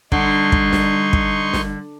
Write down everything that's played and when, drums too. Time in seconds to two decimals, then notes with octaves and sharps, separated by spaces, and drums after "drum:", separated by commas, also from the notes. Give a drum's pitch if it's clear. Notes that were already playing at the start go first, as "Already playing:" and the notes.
0.12 D3 G3 D#4 C6 C#6, drum: kick
0.52 drum: kick
0.72 drum: snare
1.13 drum: kick
1.53 drum: snare